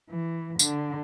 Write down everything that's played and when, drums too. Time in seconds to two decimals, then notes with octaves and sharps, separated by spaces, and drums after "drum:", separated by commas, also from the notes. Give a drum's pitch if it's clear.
0.10 E3
0.59 D3, drum: tambourine